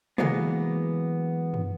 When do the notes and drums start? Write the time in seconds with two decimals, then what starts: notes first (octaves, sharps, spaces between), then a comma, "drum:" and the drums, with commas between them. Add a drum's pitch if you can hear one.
0.18 E3 F#3 G#3 A#3 B3, drum: tom
1.54 drum: tom F#2